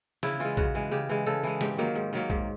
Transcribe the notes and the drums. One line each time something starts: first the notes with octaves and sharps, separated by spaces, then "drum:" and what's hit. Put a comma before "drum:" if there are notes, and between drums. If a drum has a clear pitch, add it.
C#3 E4, drum: snare
E3 G#3 F4
C#3 F#4, drum: kick A#1
E3 G#3
C#3 G4
E3 G#3
C#3 A4
E3 G#3
G#2 G4, drum: snare
D#3 F#3 A#3
G#2
D#3 F#3 A#3
G#2, drum: kick A#1